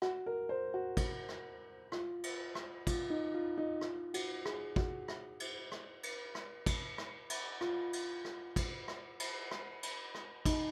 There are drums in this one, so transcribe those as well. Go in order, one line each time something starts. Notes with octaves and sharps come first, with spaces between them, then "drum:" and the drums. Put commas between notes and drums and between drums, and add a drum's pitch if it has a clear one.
F#4, drum: rim click
A#4
C5
F#4
drum: kick, cymbal
drum: rim click
F4, drum: rim click
drum: cymbal
drum: rim click
F4, drum: kick, cymbal
D#4
F4
D#4
F4, drum: rim click
F#4, drum: cymbal
G#4, drum: rim click
F#4, drum: kick
drum: rim click
drum: cymbal
drum: rim click
drum: cymbal
drum: rim click
drum: kick, cymbal
drum: rim click
drum: cymbal
F4, drum: rim click
drum: cymbal
drum: rim click
drum: kick, cymbal
drum: rim click
drum: cymbal
drum: rim click
drum: cymbal
drum: rim click
D#4, drum: kick, cymbal